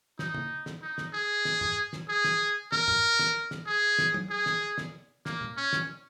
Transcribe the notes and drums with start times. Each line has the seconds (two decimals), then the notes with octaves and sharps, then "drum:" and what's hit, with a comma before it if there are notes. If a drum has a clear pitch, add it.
0.19 D#4, drum: snare
0.34 drum: tom
0.66 drum: snare
0.82 D#4
0.98 drum: snare
1.13 G#4
1.45 drum: snare
1.61 drum: tom
1.93 drum: snare
2.09 G#4
2.24 drum: snare
2.72 A#4, drum: snare
2.88 drum: tom
3.19 drum: snare
3.51 drum: snare
3.67 G#4
3.99 drum: snare
4.14 drum: tom
4.30 G#4
4.46 drum: snare
4.78 drum: snare
5.26 A#3, drum: snare
5.41 drum: tom
5.57 C#4
5.73 drum: snare